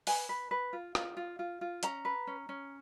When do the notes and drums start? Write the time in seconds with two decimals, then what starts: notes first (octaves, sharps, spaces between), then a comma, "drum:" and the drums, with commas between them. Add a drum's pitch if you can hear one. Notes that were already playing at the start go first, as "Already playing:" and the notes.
0.07 B4 G#5, drum: open hi-hat
0.29 B4
0.51 B4
0.73 F4
0.95 F4, drum: rim click
1.17 F4
1.39 F4
1.61 F4
1.83 C#4 A#5, drum: hi-hat
2.05 B4
2.27 C#4
2.49 C#4